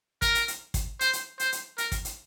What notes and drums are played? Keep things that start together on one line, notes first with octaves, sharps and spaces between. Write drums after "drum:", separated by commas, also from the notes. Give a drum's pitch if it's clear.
A#4, drum: kick, hi-hat
drum: hi-hat
drum: hi-hat
drum: kick, hi-hat
C5, drum: hi-hat
drum: hi-hat
C5, drum: hi-hat
drum: hi-hat
A#4, drum: hi-hat
drum: kick, hi-hat
drum: hi-hat